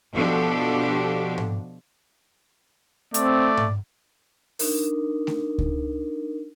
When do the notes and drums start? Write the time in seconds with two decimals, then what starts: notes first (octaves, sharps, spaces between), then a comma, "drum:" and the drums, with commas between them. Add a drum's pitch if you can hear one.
0.13 B2 F3 D4 F#4 G4 A4
1.38 drum: tom G#2
3.14 A3 C4 D5, drum: hi-hat
3.57 drum: tom G#2
4.59 D4 D#4 A#4, drum: open hi-hat
5.27 drum: snare A3
5.58 drum: kick C#2